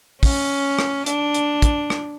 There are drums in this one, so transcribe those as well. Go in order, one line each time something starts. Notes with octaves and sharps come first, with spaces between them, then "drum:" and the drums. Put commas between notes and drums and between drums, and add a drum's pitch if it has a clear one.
C#4, drum: kick, open hi-hat
drum: rim click
D4, drum: hi-hat
drum: hi-hat
drum: kick, hi-hat
drum: rim click